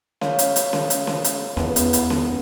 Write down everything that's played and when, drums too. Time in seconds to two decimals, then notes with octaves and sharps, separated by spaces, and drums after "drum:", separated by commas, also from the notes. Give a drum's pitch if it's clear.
0.21 C#5 F5, drum: snare C#4
0.39 drum: hi-hat
0.56 drum: hi-hat
0.73 drum: snare C#4
0.90 drum: hi-hat
1.07 drum: snare C#4
1.24 drum: hi-hat
1.57 E2 B3, drum: snare C#4
1.76 drum: hi-hat
1.93 drum: hi-hat
2.10 drum: snare C#4